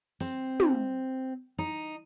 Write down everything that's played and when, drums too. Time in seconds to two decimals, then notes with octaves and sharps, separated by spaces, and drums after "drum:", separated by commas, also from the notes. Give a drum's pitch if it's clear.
0.20 C4, drum: open hi-hat
0.60 drum: tom
1.58 D#4